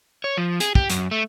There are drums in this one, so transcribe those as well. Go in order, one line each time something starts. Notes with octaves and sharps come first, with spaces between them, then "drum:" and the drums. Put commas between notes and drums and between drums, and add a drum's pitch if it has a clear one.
C#5
F3
G#4, drum: hi-hat
G4, drum: kick
F#2, drum: hi-hat
A3